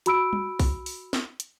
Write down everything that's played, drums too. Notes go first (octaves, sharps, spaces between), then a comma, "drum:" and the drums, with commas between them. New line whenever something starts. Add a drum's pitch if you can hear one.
F#4 B5 E6 D7, drum: hi-hat
drum: tom
drum: kick B1, open hi-hat
drum: open hi-hat
drum: snare
drum: hi-hat